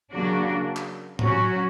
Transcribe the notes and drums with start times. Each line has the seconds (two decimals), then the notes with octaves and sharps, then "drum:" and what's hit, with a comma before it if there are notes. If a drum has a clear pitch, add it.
0.13 C#3 F#3 A#3 D4 F#4
0.76 drum: clap
1.19 F#3 C#4 F#4, drum: tom A2